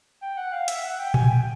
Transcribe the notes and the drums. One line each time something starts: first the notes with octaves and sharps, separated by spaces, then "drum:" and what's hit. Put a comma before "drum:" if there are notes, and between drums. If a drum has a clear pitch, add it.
G5
F#5
F5
E5, drum: hi-hat
F#5
G5
G#5, drum: tom A#2
G5